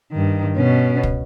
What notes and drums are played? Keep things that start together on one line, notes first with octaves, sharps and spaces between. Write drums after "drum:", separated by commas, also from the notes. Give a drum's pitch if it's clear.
G2 D#3
B2 C#4
drum: kick